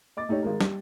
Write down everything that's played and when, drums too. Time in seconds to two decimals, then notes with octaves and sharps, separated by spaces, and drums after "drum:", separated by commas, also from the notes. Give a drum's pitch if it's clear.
0.17 D#5 D6 A6
0.29 A3 D#4 G4 C#5 D#5
0.43 G#1 G#3 A#4
0.61 G3, drum: snare